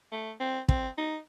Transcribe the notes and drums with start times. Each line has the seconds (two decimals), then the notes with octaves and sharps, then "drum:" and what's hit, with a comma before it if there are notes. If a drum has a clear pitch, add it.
0.12 A3
0.40 C4
0.69 C4, drum: kick
0.98 D#4